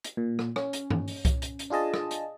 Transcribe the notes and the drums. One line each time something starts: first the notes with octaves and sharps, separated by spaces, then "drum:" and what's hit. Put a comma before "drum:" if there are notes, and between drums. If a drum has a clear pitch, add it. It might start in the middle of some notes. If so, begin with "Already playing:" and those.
drum: hi-hat
A#2
drum: rim click
C#4, drum: rim click
drum: hi-hat
drum: tom G2
drum: open hi-hat
drum: kick C2, hi-hat
drum: hi-hat
drum: hi-hat
D4 F4 G#4 D#5 A5
drum: rim click
drum: hi-hat